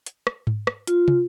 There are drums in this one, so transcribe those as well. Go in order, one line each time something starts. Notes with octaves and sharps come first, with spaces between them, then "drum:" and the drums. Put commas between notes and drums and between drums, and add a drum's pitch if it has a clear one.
drum: hi-hat
drum: rim click
drum: tom G#2
drum: rim click
F4, drum: hi-hat
drum: tom